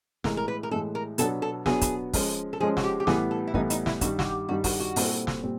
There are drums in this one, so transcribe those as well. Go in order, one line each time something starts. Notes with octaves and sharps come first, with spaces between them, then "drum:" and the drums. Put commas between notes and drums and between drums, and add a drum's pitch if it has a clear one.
A2 E3 G#3 A#4, drum: snare
A#4
B4
A#4
A2 E3 G#3 A4
A#4
B2 F#3 B3 D4 F#4 A4, drum: hi-hat
A4
B2 F#3 B3 D4 F#4 G#4, drum: snare
drum: kick, hi-hat
F3 G#3 C#4, drum: kick, open hi-hat
A4
F3 G#3 C#4 G#4
F#4, drum: snare
G4
G4
A2 E3 G3 B3 G#4, drum: snare
A4
E4
A2 E3 G3 B3 D#4, drum: kick
D#4, drum: hi-hat
E4, drum: snare
G2 D#3 G3 F#4, drum: kick, hi-hat
F#4, drum: snare
G4
G2 D#3 G3 F#4
F#4, drum: kick, open hi-hat
F#4
A#2 G3 C4 E4 A4, drum: open hi-hat
drum: snare
A#2 G3 C4